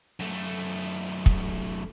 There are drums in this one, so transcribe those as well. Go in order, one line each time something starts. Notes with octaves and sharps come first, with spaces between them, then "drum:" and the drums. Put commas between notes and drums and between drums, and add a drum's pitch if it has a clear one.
F#2 A3
drum: kick